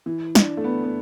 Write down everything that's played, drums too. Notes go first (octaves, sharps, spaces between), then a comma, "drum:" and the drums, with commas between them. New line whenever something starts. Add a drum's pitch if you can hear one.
E3
D4, drum: snare
A3
B3
B3